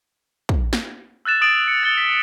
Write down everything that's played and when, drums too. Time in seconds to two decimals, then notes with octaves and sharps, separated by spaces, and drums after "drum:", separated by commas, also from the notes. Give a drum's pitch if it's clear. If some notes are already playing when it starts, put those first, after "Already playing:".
0.49 drum: kick
0.73 drum: snare
1.25 E6 F#6 A6 E7
1.41 D#6 A6 D7 F#7
1.68 C#7
1.83 A6 C#7 G7
1.97 B6